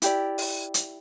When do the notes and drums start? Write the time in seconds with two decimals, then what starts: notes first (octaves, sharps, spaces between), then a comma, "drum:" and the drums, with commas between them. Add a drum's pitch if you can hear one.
0.02 E4 G4 D5, drum: hi-hat
0.38 drum: open hi-hat
0.74 drum: hi-hat